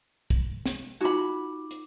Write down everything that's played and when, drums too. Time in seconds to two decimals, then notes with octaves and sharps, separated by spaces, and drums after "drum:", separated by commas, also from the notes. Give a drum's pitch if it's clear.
0.30 drum: kick, hi-hat
0.66 drum: snare
1.01 D#4 F4 F#4 B5 D6, drum: hi-hat
1.71 drum: hi-hat